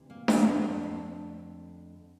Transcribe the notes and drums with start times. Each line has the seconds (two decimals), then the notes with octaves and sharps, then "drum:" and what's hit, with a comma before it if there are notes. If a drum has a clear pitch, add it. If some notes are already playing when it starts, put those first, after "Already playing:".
Already playing: D2 C3 E3
0.10 A#3
0.28 A#3, drum: snare D4
0.41 D4
0.46 F2 D3 A3 C4
0.58 C4
0.65 D4
0.83 C4